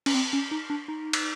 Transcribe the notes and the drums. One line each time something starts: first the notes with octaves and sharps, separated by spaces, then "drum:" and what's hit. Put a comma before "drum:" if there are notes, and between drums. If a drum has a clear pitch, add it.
C#4, drum: cymbal
C4
C#4
D#4
D4
D#4
drum: cymbal